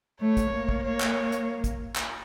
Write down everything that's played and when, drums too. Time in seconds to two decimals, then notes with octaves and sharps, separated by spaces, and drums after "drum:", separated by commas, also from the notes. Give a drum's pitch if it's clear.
0.21 A3 C#5
0.37 drum: kick, hi-hat
0.53 A#3
0.69 drum: kick
0.84 C#5
1.00 drum: clap
1.32 drum: hi-hat
1.64 drum: kick, hi-hat
1.96 drum: clap